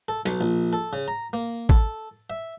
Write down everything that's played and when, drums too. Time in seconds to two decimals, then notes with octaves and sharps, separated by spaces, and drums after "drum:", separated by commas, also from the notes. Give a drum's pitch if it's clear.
0.08 A4
0.26 B1, drum: hi-hat
0.41 A#1
0.73 A4
0.93 C#3
1.08 A#5
1.33 A#3
1.69 A4, drum: kick
2.30 E5